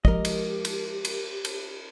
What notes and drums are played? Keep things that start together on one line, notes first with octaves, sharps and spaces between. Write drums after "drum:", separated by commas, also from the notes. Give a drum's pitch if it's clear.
F3 G#3 G4 A#4 D#5, drum: kick
drum: cymbal
drum: cymbal
drum: cymbal
drum: cymbal